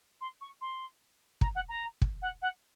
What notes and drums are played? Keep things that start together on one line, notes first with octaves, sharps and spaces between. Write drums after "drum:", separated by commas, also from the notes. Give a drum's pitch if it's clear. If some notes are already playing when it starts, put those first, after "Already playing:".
C6
C#6
C6
A#5, drum: kick
F#5
A#5
drum: kick
F#5
F#5